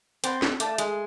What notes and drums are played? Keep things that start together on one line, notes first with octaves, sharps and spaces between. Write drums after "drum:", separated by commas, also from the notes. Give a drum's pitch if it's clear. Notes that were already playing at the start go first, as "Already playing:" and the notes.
C4 D5 F#5 B5, drum: hi-hat
drum: snare
A3 D5 F5 A5 D6, drum: hi-hat
G#3, drum: hi-hat